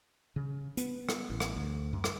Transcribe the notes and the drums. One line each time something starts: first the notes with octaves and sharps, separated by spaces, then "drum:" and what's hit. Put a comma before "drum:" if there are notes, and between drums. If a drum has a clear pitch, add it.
C#3
B3, drum: hi-hat
drum: rim click
A1
drum: rim click
D2
F#2
drum: rim click